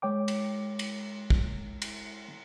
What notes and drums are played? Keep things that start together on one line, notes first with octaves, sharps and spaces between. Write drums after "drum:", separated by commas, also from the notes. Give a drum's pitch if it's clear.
G#3 C#5 G5 D6
drum: cymbal
drum: cymbal
drum: kick
drum: cymbal